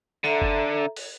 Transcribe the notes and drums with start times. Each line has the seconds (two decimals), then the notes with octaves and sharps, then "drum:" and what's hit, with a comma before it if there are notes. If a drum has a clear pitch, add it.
0.24 D3 A4 E5 A#5
0.42 drum: kick F#1
0.96 drum: open hi-hat